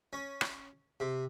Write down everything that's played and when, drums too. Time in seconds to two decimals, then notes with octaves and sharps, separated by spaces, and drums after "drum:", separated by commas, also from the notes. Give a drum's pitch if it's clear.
0.13 C#4
0.41 drum: rim click
1.00 C3